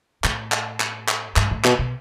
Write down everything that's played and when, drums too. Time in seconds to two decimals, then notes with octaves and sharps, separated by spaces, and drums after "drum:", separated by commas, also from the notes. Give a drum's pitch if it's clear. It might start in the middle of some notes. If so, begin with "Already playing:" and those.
0.24 A2, drum: clap
0.52 drum: clap
0.80 drum: clap
1.08 drum: clap
1.36 G#2, drum: clap
1.51 A2
1.64 B2, drum: clap
1.79 B2